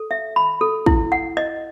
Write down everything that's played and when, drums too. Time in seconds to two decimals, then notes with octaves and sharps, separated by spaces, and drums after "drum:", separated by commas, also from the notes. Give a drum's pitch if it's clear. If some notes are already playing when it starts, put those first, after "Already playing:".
Already playing: A4
0.11 E5
0.36 B5
0.61 A4
0.86 E4, drum: kick
1.12 F#5
1.37 D#5